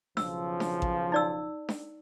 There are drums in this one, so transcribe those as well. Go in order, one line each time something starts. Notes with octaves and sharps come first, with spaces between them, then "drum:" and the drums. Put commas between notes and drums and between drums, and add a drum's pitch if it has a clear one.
B1 C#3 F3 E6, drum: snare D4
drum: snare D4
drum: kick A1
D#4 D5 E6
drum: snare D4